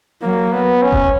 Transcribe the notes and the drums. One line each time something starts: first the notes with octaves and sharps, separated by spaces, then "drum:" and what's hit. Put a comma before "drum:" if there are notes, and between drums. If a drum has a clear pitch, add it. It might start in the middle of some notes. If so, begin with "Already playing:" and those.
F#3 A#3
B3
C#4
drum: kick F1